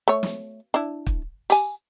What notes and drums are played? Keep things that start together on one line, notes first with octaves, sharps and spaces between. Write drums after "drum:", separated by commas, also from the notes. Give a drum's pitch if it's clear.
A3 C#5
drum: snare
D4 E4
drum: kick
G4 G#5, drum: hi-hat